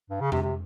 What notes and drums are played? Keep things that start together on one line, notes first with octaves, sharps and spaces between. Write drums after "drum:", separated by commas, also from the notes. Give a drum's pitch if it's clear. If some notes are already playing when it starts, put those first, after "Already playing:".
G2
C#3
C3, drum: tom F2
C3